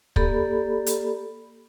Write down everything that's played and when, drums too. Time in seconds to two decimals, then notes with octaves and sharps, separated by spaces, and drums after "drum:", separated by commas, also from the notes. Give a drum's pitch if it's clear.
0.16 A#3 G4 A4 D5 B5, drum: kick
0.86 drum: hi-hat